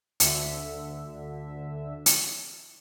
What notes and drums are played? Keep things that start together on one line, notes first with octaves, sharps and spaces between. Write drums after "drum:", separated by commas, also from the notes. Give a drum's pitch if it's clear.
D2 D3 E5, drum: hi-hat
drum: hi-hat